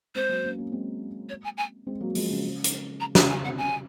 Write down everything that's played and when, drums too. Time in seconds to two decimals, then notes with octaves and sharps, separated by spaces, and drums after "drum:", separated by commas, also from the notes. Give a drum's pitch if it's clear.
0.15 G#3 C4 C5
0.29 F#3 A#3
0.44 A#3 C#4
0.58 A#3 C#4
0.72 G#3 C4
1.29 C#5
1.44 G#5
1.57 G#5
1.87 G#3 C4
2.00 F#3 A#3
2.15 F3 G#3, drum: open hi-hat
2.30 C#3
2.64 drum: hi-hat
3.00 A#5
3.15 G#5, drum: snare
3.29 G#5
3.44 C3 F#5
3.58 C#3 G#5